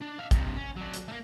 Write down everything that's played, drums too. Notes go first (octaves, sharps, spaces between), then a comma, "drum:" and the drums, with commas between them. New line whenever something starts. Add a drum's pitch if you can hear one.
D4
E5 F5
G2 C3, drum: kick, hi-hat
C#4
F#3 D4
drum: hi-hat
A3 A#3